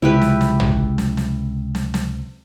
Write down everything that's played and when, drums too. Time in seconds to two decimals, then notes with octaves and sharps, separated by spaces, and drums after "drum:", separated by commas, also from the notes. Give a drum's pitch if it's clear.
0.02 C#2 C3 E4 G4 B4
0.21 drum: snare
0.41 drum: snare
0.60 drum: tom
0.98 drum: snare
1.17 drum: snare
1.75 drum: snare
1.94 drum: snare